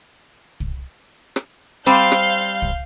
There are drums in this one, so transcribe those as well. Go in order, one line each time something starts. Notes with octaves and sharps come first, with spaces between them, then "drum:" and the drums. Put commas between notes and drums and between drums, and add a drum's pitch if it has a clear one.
drum: kick
drum: rim click
G3 C4 C5 F5 G6
drum: rim click
drum: kick